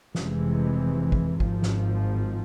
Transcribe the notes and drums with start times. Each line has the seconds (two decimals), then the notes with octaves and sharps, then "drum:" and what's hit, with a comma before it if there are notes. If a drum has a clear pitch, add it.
0.15 F1 F2 C3 E3 G#3, drum: snare
1.12 drum: kick
1.40 G#1 G#2 F3, drum: kick
1.62 drum: snare